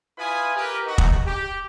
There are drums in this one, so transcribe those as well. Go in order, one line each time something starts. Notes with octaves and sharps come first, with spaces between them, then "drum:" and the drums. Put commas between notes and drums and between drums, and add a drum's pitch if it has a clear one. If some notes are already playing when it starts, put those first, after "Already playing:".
E4 F4 B4 G#5 B5 D#6
G4 A#4 B4
D#4 F#4
drum: kick
G4